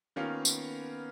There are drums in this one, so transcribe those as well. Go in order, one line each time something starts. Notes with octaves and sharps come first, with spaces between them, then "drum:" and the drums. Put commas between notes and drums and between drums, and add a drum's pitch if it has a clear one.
D#3 A#3 B3 C#4 F4
drum: tambourine